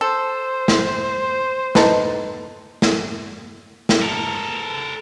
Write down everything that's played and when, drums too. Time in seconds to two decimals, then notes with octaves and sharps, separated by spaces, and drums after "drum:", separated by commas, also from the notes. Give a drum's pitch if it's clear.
0.01 A4 C5
0.68 drum: snare
1.75 D#4 A4 B4, drum: snare
2.82 drum: snare
3.89 drum: snare
4.02 A4 A#4